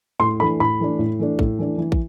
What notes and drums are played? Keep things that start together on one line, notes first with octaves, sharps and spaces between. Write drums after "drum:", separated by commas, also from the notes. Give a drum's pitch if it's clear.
A2 C6
E3 A3 D4 B5
A2 B5
E3 A3 D4
A2
E3 A3 D4
A2, drum: kick
E3 A3 D4
E3
drum: kick